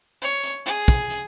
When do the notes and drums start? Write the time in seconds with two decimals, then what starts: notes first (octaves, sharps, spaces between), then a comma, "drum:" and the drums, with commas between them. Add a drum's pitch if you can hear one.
0.22 C#5, drum: hi-hat
0.43 drum: hi-hat
0.66 G#4, drum: hi-hat
0.88 drum: kick, hi-hat
1.10 drum: hi-hat